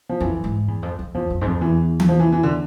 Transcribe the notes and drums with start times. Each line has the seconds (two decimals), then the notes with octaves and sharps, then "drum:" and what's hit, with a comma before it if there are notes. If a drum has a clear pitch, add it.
0.09 F3
0.20 F2 E3
0.44 G#2
0.68 E2
0.83 F2
0.99 F2
1.15 E2 F3
1.30 F2
1.41 G#2
1.46 F2
1.61 E2 E3
2.00 drum: tom E3
2.09 F3
2.20 E3
2.32 E3
2.43 D3